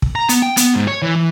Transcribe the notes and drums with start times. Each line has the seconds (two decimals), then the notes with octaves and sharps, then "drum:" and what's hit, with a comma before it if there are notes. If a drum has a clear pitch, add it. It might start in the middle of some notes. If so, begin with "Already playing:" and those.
0.02 drum: kick
0.15 A#5
0.29 B3, drum: hi-hat
0.42 G5
0.57 B3, drum: hi-hat
0.74 G#2
0.87 C#5
1.02 E3
1.16 E3